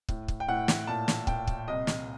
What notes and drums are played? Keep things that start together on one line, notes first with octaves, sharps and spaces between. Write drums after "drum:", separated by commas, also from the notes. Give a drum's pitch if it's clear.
A2, drum: kick
drum: kick
G5
A2 F#5
drum: snare
A#2 A5
drum: snare
A#2 G5, drum: kick
drum: kick
C2 D#5
drum: snare